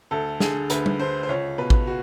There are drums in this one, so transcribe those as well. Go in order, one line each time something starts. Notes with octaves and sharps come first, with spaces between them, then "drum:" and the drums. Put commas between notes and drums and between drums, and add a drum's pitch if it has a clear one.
D2 A4
D3 G#4, drum: snare
D2 B4, drum: hi-hat
drum: tom G3
D3 C5
C5
C#2 C#5
B2 B4
drum: kick A1
F#4